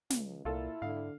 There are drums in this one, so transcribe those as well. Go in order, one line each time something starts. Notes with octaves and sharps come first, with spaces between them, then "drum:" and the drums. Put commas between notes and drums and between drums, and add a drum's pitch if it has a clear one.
C#2, drum: snare
C2 A#2 E4 F4 A4
G#2 D3 F5